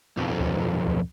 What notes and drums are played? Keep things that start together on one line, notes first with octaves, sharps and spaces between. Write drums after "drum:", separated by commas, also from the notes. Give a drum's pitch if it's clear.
B1 F2
drum: kick D2
drum: kick D2